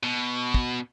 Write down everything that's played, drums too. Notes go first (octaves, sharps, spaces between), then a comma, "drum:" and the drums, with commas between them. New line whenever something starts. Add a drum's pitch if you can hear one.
B2
drum: kick